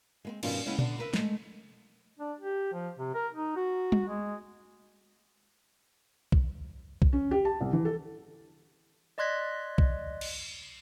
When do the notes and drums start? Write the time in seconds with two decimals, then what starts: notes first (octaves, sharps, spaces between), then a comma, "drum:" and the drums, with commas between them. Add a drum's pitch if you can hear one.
0.25 G#3 B3 C4
0.43 G2 B2 D#3 C#4 F4, drum: cymbal
0.66 C#3 G#3 B3 C#4 E4
0.79 D3 B3 D4, drum: tom A#2
0.98 A#4 B4 E5
1.13 G#3 A3, drum: snare
2.19 D4
2.40 G4
2.73 F3
2.98 C3
3.14 A#4
3.33 D#4
3.56 F#4
3.92 drum: tom G3
4.08 G#3
6.32 drum: kick
7.02 drum: kick
7.13 C#4
7.31 G4
7.45 A5
7.60 C2
7.73 E3
7.85 A4
9.18 D5 D#5 C6 F#6 G#6 B6
9.78 drum: kick
10.21 drum: cymbal